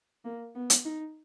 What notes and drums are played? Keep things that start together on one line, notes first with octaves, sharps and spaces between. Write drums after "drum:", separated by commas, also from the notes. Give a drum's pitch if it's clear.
A#3
B3
drum: hi-hat
D#4